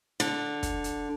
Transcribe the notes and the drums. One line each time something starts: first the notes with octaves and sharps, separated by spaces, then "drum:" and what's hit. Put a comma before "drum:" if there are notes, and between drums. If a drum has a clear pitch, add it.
D3, drum: hi-hat
drum: kick, hi-hat
drum: hi-hat